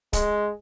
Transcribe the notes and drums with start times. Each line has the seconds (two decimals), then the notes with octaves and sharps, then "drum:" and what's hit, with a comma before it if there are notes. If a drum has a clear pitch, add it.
0.13 G#3, drum: kick, hi-hat